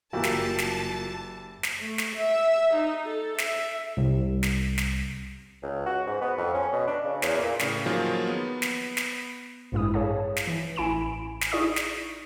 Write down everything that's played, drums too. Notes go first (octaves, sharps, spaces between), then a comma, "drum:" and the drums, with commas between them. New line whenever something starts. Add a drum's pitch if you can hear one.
F#1 E3 G3 A#3 F4 F#4 A5
drum: snare
drum: snare
drum: snare
A3
drum: snare
E5
D#4
A4
E5, drum: snare
C2
drum: snare
drum: snare
C#2
F#4
G#2
B3
F2
C#4
B2
D4
C#3
E2, drum: snare
A#2
A2 C#3, drum: snare
D#3 F3 F#3 A#3 F4 G#4
B3
drum: snare
drum: snare
A1 G2 G#3 E4 D#6
G#4 C#5 F5 A5
drum: snare
E3
A1 E4 G#5 B5 D7 E7
drum: snare
D#4 E4 G#4 D5 C#6 D#6
drum: snare